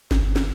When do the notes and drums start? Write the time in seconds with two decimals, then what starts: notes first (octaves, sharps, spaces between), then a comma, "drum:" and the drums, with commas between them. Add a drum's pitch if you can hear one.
0.11 G1, drum: snare
0.36 drum: snare